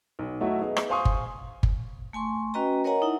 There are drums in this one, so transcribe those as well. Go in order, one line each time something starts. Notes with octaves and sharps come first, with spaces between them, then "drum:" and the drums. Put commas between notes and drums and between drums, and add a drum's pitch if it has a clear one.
B1
F#3 A3 D#4 E4 F#4 E5
B3 D#4 G#4
drum: rim click
C5 F5 G#5 C6 C#6 D#6
drum: kick G1
drum: kick G1
A3 G#5 C6 C#6
C#4 F#4 B4 D#5 G5 A#5
A#4 C#5 D#5 F#5 G#5 A#5
D#4 E4 E5 F#5